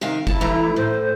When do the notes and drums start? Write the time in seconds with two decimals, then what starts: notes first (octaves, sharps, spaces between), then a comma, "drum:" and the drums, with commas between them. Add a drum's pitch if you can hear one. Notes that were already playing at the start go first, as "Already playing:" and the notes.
0.01 C3 D#3 F5
0.27 E4 A5, drum: kick
0.41 E3 A3 A#5
0.76 A2 C5